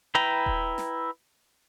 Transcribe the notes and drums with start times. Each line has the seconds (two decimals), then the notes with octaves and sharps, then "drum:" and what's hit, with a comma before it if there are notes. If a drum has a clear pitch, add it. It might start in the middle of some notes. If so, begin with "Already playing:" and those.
0.15 E4 B4 G5 A#5
0.46 drum: kick D#1
0.78 drum: snare